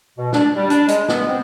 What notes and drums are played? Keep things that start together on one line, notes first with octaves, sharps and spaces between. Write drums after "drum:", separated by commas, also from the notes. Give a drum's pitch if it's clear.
B2
D4, drum: snare
G3
D4, drum: hi-hat
G#3, drum: hi-hat
B3, drum: snare
C4